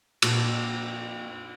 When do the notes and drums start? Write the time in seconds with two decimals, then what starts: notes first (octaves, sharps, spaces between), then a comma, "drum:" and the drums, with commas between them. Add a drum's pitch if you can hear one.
0.22 F2 A#2 F#4, drum: cymbal